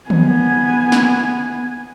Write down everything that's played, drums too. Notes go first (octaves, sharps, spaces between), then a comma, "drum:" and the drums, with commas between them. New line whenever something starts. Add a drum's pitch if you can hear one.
B3 G#5, drum: tom D3
drum: snare